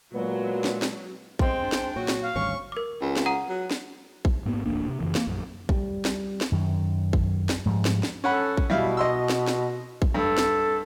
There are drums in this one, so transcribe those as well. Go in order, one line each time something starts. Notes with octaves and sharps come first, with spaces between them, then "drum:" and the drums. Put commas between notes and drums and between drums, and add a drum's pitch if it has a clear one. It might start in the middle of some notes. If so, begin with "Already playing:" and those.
A#2 F#3 G#3 B3
drum: snare
drum: snare
G#3 C4 G5, drum: kick A1
D4
drum: snare
A#2 F#3 F#4
drum: snare
F5
G#1 D2 G3 C#4 C#6
A#4 D6
C#2
drum: snare
F#5 A#5 D#6
F#3
drum: snare
drum: kick A1
G#2 A#3 B3
D1 A1 A#3 D4
C3
F#2 C#3 E3
A#3, drum: snare
A#1 F#2
G3, drum: kick A1
drum: snare
drum: snare
F#2 D#3
drum: kick A1
drum: snare
G#2 F3 G3
drum: snare
drum: snare
C#4 A4 F#5 B5
drum: kick A1
B2 G3 E4 F5
D#5 C6 E6
drum: snare
drum: snare
drum: kick A1
G2 A4
drum: snare